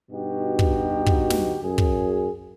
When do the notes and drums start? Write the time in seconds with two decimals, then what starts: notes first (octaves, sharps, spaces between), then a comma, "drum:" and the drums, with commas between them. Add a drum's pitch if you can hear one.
0.11 G2 B2 D#4 F#4 G4
0.59 drum: kick
1.06 drum: kick
1.30 drum: snare
1.63 F#2 G#4
1.78 drum: kick